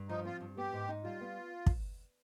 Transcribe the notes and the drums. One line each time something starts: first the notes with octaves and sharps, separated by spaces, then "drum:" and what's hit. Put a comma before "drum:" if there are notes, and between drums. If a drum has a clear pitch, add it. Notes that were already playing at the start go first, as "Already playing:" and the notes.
Already playing: G2
F3 D#4
C4 F4
G2
B3 G4
G#2
D#4
G3 F4
B3
drum: kick